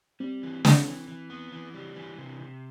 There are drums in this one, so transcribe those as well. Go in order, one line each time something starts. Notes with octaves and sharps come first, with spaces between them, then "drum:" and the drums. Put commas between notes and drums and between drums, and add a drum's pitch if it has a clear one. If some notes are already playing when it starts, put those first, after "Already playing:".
G3 C4
E3
E3, drum: snare
E3
E3
B3
E3
G3
E3
C3
C3